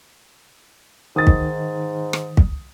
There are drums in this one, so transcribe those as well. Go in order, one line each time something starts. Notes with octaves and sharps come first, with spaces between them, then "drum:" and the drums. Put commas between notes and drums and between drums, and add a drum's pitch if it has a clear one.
G#2 D#3 D#6 A6
drum: kick
drum: rim click
drum: kick